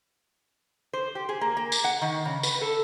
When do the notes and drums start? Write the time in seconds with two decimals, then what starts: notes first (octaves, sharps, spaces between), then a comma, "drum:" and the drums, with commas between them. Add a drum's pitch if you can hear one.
0.93 C5
1.15 G4
1.29 G#4
1.41 A#3
1.57 A#3
1.72 drum: tambourine
1.84 F#5
2.02 D#3
2.25 C#3
2.43 B4, drum: tambourine
2.61 A4